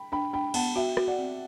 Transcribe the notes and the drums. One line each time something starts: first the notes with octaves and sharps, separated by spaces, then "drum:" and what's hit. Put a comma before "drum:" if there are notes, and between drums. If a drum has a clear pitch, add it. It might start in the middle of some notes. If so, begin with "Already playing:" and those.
Already playing: G5 B5
D4 G5 B5
D4 G5 B5
B3 F#5 A5, drum: cymbal
F#4 E5 G5
F#4, drum: rim click
D5 F#5
C4